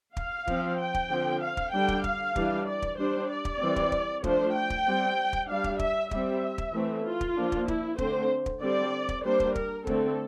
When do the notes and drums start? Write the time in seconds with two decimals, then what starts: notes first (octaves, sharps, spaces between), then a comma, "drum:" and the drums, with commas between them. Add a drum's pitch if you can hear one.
0.17 F5, drum: kick
0.47 F3 C4, drum: kick
0.79 G5
0.94 drum: kick
1.10 D3 F3 C4
1.41 F5
1.57 drum: kick
1.73 D3 G3 D4 G5
1.88 drum: kick
2.04 F5, drum: kick
2.36 E3 G3 D4, drum: kick
2.67 D5
2.82 drum: kick
2.98 G3 D4 C5
3.30 D5
3.45 drum: kick
3.61 E3 G3 C4
3.76 drum: kick
3.92 drum: kick
4.24 F3 A3 D4 C5, drum: kick
4.55 G5
4.70 drum: kick
4.86 G3 C4
5.33 drum: kick
5.48 G3 D4 F5
5.64 drum: kick
5.79 E5, drum: kick
6.11 G3 C4 E5, drum: kick
6.58 drum: kick
6.74 E3 A3 C4
7.05 F4
7.21 drum: kick
7.37 F3 A#3 D4
7.52 drum: kick
7.68 E4, drum: kick
7.98 D3 A3 C4 C5, drum: kick
8.46 drum: kick
8.61 D3 G3 C4 D5
9.09 drum: kick
9.24 G3 A#3 D4 C5
9.40 drum: kick
9.55 A#4, drum: kick
9.87 D3 A3 C4 A4, drum: kick